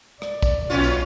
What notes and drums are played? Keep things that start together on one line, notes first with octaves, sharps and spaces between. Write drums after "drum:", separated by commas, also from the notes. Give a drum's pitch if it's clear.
D5, drum: rim click
drum: kick, tambourine
B1 A#2 C#4 F4
drum: tambourine